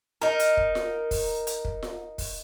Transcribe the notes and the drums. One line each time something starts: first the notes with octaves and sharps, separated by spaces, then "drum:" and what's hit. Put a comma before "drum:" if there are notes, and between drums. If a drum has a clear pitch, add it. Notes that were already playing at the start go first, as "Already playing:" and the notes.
D#4 A#4
drum: hi-hat
drum: kick
drum: snare F4
drum: kick, open hi-hat
drum: hi-hat
drum: kick
drum: snare F4
drum: kick, open hi-hat